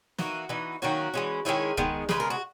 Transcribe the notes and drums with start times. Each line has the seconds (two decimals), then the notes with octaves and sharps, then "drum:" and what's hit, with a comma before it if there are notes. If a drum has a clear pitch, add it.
0.18 E3 A#3 D#4 F#4, drum: snare
0.49 E3 B3 D#4
0.82 D#3 F#3 A#3 C#4 F#4
1.14 E3 G#3 C#4
1.45 D#3 G#3 C#4 E4 G#4
1.77 D#3 G#3 B3, drum: kick
2.09 C#3 G#3 B3 G#4, drum: snare
2.20 A#4
2.30 F#4